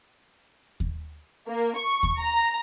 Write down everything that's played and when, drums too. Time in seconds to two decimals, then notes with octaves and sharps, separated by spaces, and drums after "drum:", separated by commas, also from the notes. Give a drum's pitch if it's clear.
0.80 drum: kick D#2
1.47 A#3
1.77 C#6
2.03 drum: kick D#2
2.18 A#5